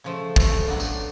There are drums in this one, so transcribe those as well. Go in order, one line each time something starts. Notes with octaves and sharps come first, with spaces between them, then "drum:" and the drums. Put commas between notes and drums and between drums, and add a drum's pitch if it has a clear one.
C#3 F3 A3
C#3 F3 A3, drum: kick
A2 F#3 B3 D4
drum: tambourine